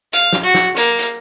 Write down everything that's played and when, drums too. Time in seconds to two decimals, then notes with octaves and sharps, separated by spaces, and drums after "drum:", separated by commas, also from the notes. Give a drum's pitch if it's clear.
0.13 F5, drum: hi-hat
0.33 drum: snare
0.43 F#4
0.54 drum: snare
0.76 A#3, drum: hi-hat
0.98 drum: hi-hat